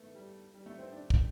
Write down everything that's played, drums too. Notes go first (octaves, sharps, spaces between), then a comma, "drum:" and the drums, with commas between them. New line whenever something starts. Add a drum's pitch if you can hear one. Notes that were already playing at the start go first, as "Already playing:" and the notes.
Already playing: A3 B3 A4
G3
G3
A3
C4
D4
drum: kick